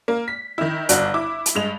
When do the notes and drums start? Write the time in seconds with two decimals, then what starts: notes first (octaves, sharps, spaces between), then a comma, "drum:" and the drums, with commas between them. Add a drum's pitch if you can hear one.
0.08 A#3
0.28 B6
0.58 D#3 E4
0.89 G1 D4 F#4 F#6, drum: hi-hat
1.14 E4 D6
1.46 drum: hi-hat
1.55 G2 G#3 F7